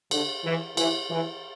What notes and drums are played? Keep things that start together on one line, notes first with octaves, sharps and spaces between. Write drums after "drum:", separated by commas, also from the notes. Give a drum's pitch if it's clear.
D3, drum: cymbal
E3
E3, drum: cymbal
E3